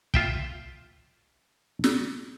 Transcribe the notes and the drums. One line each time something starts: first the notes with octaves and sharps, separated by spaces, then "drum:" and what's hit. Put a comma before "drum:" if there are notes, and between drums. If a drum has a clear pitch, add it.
F4 E5 G5, drum: kick
drum: snare